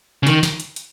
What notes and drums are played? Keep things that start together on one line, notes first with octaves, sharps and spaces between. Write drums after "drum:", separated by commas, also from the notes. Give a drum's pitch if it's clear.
C#3
D#3, drum: hi-hat
drum: snare
drum: hi-hat
drum: hi-hat